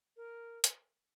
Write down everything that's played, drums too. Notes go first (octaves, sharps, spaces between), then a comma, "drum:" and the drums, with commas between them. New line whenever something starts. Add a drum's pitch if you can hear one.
A#4
drum: hi-hat